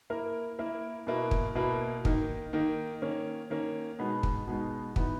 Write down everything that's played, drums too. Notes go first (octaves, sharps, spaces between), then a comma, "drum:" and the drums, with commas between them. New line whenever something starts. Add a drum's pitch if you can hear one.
A#3 E4 A#4
A#3 E4 A#4
B2 A#3 E4 B4
drum: kick
B2 A#3 E4 B4
D#3 A#3 D#4, drum: kick
D#3 A#3 D#4
D#3 A#3 C#4
D#3 A#3 C#4
B2 G#3 B3 D#4
drum: kick
B2 G#3 B3 D#4
E3 B3 D#4, drum: kick